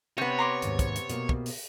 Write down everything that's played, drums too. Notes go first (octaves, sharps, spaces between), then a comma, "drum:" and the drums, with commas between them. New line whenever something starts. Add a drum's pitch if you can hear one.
C3 B3 C#5
A#5 C6 D6
D#2 G#2, drum: hi-hat
drum: kick, hi-hat
drum: hi-hat
B2 A#3, drum: hi-hat
drum: kick
drum: open hi-hat